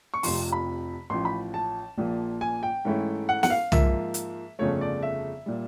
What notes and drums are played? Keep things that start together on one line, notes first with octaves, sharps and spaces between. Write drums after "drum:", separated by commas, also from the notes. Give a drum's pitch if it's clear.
C#6
F1 F2 C3 F3 C6, drum: open hi-hat
B5
A1 A2 F3 C6
B5
A5
A#1 A#2 F3
G#5
G5
G#2 E3 A3 C#4 E4
F#5
F#5, drum: snare
F5
G#2 F3 A#3 E5, drum: tom
drum: hi-hat
G1 F2 C#3 F3 A3 C#5
D5
E5
A#2 G3